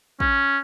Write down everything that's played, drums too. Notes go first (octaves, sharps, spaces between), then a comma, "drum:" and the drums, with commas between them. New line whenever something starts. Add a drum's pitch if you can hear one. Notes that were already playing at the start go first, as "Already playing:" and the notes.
C#4, drum: kick